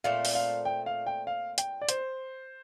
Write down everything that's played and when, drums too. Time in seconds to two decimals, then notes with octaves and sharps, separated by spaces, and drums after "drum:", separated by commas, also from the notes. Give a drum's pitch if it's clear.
0.04 A#2 A3 C4 F5
0.25 drum: open hi-hat
0.35 F5
0.65 G5
0.86 F5
1.07 G5
1.27 F5
1.58 G5, drum: hi-hat
1.82 D5
1.89 C5, drum: hi-hat